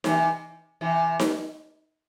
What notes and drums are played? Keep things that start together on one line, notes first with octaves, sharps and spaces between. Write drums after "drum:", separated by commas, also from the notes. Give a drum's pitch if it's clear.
C3 E3, drum: snare D#4
C3 E3
drum: snare D#4